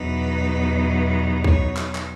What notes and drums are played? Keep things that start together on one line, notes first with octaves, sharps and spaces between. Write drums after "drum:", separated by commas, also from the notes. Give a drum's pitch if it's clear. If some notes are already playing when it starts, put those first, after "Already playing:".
Already playing: E2 B2 F#3 B3 D#4 B4
C#5, drum: kick B1
drum: clap
drum: clap